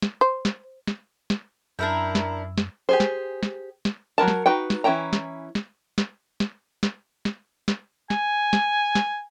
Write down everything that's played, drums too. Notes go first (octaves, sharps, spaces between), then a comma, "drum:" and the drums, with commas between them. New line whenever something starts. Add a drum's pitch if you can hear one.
drum: snare
C5
drum: snare
drum: snare
drum: snare
F#2 D4 E4 A#4 G5 E6
drum: snare
drum: snare
G4 G#4 C5
drum: snare
drum: snare
drum: snare
F#3 E4 A#4 A5
drum: snare
D#4 F#4 B4 G5
drum: snare
E3 C#4 E4 G5 A#5
drum: snare
drum: snare
drum: snare
drum: snare
drum: snare
drum: snare
drum: snare
G#5, drum: snare
drum: snare
drum: snare